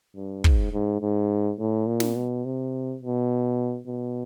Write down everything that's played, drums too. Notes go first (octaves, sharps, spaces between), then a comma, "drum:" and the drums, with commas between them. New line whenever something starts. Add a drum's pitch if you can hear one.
G2
G#2, drum: kick
G#2
G#2
A2
A#2
drum: snare
B2
C3
B2
B2